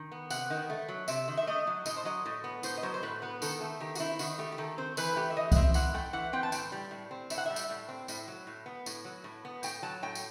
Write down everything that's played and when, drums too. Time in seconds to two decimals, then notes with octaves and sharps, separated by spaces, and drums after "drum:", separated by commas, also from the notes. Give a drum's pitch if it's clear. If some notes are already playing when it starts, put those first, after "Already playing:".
Already playing: D#3
0.12 B3
0.30 C3 F#5, drum: tambourine
0.50 D#3
0.70 A3
0.88 F#3
1.08 C3 E5, drum: tambourine
1.28 D#3
1.37 E5
1.47 A3 D#5
1.67 F#3
1.86 A2 D#5, drum: tambourine
1.97 C5
2.05 F#3 D#5
2.26 A2
2.44 B3
2.63 A2 C5, drum: tambourine
2.77 D#5
2.83 F#3 C5
2.94 C5
3.03 A2 B4
3.22 B3 B4
3.42 D#3 A4, drum: tambourine
3.60 A3 A4
3.80 D#3 G4
3.95 F#4, drum: tambourine
3.99 C4 E4
4.19 D#3 F#4, drum: tambourine
4.38 A3 G4
4.52 G4
4.58 D#3 A4
4.78 C4 C5
4.97 E3 B4, drum: tambourine
5.16 A3 G4
5.30 E5
5.36 E3 D#5
5.52 F#5, drum: kick C2, tambourine
5.55 C4 E5
5.74 E3 F#5, drum: tambourine
5.94 A3 G5
6.13 E3 F#5
6.33 C4 G5
6.43 A5
6.52 A2 G5, drum: tambourine
6.72 G3
6.91 A2
7.11 C4
7.30 A2 E5, drum: tambourine
7.38 F#5
7.46 G3 E5
7.56 drum: tambourine
7.70 A2
7.88 C4
8.08 A2, drum: tambourine
8.27 F#3
8.47 A2
8.66 B3
8.86 A2, drum: tambourine
9.05 F#3
9.24 A2
9.45 B3
9.63 A2 G5, drum: tambourine
9.82 F#3 A5
10.03 A2 G5
10.15 drum: tambourine